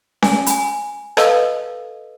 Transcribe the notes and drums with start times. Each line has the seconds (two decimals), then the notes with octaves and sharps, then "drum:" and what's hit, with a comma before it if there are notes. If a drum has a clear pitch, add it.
0.22 G#5, drum: snare C#4
0.46 G#5 B5, drum: hi-hat
1.17 A4 B4 D#5 F5 E6, drum: rim click